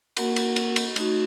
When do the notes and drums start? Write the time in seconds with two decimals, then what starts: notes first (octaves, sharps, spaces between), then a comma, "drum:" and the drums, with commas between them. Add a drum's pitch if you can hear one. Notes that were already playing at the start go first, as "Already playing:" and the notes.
0.17 A#3 F#4 A#4 F#5, drum: cymbal
0.36 drum: cymbal
0.56 drum: cymbal
0.76 drum: cymbal
0.96 A3 D#4 F#4, drum: cymbal